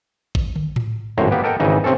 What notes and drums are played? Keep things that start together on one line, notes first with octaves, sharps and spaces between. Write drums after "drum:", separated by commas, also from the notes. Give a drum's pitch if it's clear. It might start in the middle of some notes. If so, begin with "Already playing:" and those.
drum: kick A1
drum: tom
drum: tom A2
G#1 F#2 A2 C5 C#5 A#5
A#3 B3 G4 B4
A4 A#4 D#5 F#5 G5
G#1 C#3 E3 D#4 D#5
C3 C4 C#4 A4